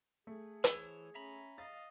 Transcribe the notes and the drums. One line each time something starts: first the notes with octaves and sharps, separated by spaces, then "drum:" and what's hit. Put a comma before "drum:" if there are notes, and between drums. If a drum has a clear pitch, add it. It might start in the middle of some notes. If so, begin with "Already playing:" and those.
A3 G#4
E3 C5 C#5, drum: hi-hat
C#4 E5 A#5 B5
D#5 F5 A6